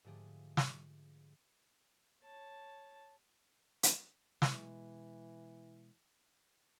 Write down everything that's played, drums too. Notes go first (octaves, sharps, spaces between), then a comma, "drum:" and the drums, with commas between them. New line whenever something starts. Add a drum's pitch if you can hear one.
G#2 D3 F3 A3 G4 G#4
drum: snare
C#5 A5
drum: hi-hat
B2 E3 G#3, drum: snare